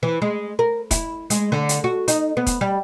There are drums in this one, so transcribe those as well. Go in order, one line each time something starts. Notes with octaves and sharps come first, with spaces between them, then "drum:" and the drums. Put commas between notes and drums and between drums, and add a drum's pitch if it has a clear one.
E3
G#3
A#4
E4, drum: kick E1, hi-hat
G#3, drum: hi-hat
D3
drum: hi-hat
F#4
D#4, drum: hi-hat
B3
drum: kick E1, hi-hat
G3